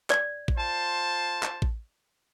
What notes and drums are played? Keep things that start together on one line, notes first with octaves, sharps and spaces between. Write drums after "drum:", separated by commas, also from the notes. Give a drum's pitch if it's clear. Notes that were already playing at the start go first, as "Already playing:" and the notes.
D5, drum: clap
drum: kick A1
F4 C5 A5
drum: clap
drum: kick A1